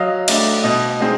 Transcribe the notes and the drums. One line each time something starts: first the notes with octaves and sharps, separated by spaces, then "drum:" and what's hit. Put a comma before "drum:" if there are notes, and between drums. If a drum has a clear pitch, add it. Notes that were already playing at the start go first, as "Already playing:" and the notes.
Already playing: F#3 D#5 F5
A3 D4, drum: cymbal
B2 D#5
G#3 C4 D#4 D#5